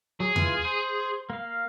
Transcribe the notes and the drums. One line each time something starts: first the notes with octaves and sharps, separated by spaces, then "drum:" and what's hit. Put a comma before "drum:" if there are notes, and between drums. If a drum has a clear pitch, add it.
F#3 G#4
E3 F4, drum: tom E2
C5
A#3 F5